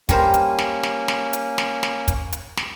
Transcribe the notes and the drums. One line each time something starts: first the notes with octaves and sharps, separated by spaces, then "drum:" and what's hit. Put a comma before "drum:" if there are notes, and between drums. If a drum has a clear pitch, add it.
G3 A#3 C#4 A#4 C5, drum: kick, hi-hat
drum: hi-hat
drum: snare
drum: snare
drum: snare
drum: hi-hat
drum: snare
drum: snare
drum: kick, hi-hat
drum: hi-hat
drum: snare